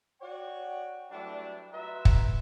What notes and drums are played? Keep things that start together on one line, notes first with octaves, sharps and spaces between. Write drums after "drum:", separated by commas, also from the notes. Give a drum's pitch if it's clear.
F#4 C#5 D5 F#5 G5
F#3 G3 A3 D4 E4 B4
F4 F#4 B4 E5 A#5
drum: kick